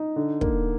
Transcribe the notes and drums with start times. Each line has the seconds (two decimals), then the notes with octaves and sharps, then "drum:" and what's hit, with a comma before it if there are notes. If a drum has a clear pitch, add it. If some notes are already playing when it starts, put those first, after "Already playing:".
Already playing: D#4
0.16 D3
0.41 A#3, drum: kick